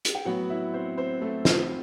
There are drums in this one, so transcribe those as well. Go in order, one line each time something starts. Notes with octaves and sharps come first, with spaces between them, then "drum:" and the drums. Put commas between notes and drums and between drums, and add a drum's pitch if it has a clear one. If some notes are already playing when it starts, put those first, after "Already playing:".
drum: hi-hat
G5
A2 F#3 B3 F#4 F#5
E4 E5
C4 C5
C4 C5
A3 A4
C4 C5, drum: snare